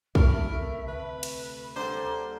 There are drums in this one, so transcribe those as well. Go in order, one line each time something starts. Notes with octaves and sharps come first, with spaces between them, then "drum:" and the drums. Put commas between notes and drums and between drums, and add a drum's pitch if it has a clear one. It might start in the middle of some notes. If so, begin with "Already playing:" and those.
C2 C3 A3 A#4 E5 B5, drum: kick
D2 C3 B4
drum: cymbal
D3 G3 A#3 A4 C5